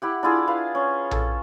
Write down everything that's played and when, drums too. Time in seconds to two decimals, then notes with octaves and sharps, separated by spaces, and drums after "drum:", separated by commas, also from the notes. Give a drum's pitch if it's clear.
0.02 E4 G4 F#5
0.23 D4 E4 F4 G#4
0.47 B4 F5
0.75 C#4
1.11 A4, drum: tom A#1